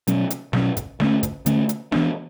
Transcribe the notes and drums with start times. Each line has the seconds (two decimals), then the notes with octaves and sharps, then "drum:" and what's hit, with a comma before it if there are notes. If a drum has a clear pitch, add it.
0.07 B2 F#3 C#4, drum: hi-hat
0.30 drum: hi-hat
0.53 B2 F#3 C#4, drum: snare
0.77 drum: kick, hi-hat
1.00 D3 A3 C#4, drum: snare
1.23 drum: kick, hi-hat
1.46 D3 A3 C#4, drum: hi-hat
1.69 drum: hi-hat
1.92 E3 B3 D4, drum: snare